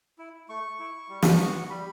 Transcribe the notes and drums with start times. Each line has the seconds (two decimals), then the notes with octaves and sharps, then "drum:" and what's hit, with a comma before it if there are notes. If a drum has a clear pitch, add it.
0.18 E4
0.49 A3 C#6
0.80 E4
1.09 G3
1.22 drum: snare
1.40 B3 F#4
1.70 G3 B5